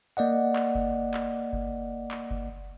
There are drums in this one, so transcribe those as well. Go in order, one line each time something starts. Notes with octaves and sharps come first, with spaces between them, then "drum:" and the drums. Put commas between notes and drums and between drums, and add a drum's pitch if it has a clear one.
A#3 D5 D#5 F#5
drum: clap
drum: kick F#1
drum: clap
drum: kick F#1
drum: clap
drum: kick F#1